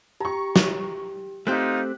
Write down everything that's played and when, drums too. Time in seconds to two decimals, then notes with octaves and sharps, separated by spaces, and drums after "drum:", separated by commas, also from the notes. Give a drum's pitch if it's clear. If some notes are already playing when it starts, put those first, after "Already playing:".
0.20 G4 A#5 C#6
0.56 drum: snare
1.47 A3 C4 D#4 F4 G4 F#6 G6 B6